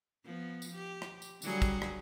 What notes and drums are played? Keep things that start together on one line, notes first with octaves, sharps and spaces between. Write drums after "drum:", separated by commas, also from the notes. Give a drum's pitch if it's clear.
F3 B3
drum: tambourine
G4
drum: rim click
drum: tambourine
D3 F#3 G3 G#4, drum: tambourine
drum: kick, tambourine
drum: rim click